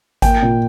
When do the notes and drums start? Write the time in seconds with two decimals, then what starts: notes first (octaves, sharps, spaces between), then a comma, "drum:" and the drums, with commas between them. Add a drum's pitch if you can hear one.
0.22 A#3 G5, drum: kick G#1, hi-hat
0.42 A#2